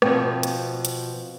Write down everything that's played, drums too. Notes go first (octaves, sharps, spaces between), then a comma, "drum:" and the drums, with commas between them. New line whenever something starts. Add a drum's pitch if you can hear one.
B2 F3 B3 C4, drum: rim click
drum: hi-hat
drum: hi-hat